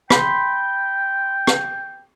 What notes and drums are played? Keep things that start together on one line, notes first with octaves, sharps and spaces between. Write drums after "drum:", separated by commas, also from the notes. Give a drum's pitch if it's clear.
G5 B5 C6, drum: rim click
drum: rim click